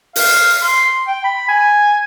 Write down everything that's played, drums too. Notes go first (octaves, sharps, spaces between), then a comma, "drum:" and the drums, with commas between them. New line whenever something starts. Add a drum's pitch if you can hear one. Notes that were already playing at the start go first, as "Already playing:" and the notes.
F5, drum: open hi-hat
C6
G5
B5
G#5